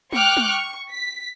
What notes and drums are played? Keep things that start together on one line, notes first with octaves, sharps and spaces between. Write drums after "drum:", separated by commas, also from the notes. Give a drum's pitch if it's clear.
G5 C#6 D6 F6 F#6, drum: tom
drum: tom
C#6
B6